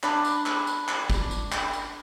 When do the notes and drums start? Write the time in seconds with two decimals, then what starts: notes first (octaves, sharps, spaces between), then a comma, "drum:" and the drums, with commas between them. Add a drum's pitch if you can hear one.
0.03 D4 B5, drum: clap
0.25 drum: tambourine
0.46 drum: clap
0.67 drum: tambourine
0.88 drum: clap
1.10 drum: kick, tambourine
1.31 drum: tambourine
1.52 drum: clap
1.73 drum: tambourine